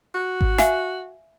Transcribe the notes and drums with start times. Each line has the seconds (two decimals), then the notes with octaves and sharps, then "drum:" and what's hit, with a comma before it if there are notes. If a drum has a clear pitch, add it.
0.15 F#4
0.41 drum: kick G#1
0.58 E5 F5 G#5, drum: snare